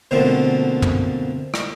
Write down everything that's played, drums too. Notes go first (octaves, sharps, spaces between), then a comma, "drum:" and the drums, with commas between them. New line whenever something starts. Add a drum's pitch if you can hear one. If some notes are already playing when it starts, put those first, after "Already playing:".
B2 D3 F3 A3 A#3 C4
drum: tom
drum: rim click